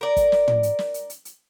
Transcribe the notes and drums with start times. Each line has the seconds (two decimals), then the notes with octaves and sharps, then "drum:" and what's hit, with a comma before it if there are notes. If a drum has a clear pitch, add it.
0.01 A#4 D5
0.17 drum: kick, hi-hat
0.32 drum: snare
0.48 drum: tom
0.63 drum: hi-hat
0.79 drum: snare
0.94 drum: hi-hat
1.10 drum: hi-hat
1.25 drum: hi-hat